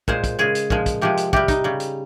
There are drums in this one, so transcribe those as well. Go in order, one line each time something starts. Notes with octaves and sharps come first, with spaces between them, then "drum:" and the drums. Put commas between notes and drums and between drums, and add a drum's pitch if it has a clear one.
A#2 G#3 C5, drum: kick
drum: kick, hi-hat
C#3 G#3 G#4
drum: hi-hat
A#2 F3 G#3, drum: kick
drum: kick, hi-hat
C3 F3 G#3 G4
drum: hi-hat
C3 G3 G4, drum: kick
D#4, drum: kick, hi-hat
C#3 G3
drum: hi-hat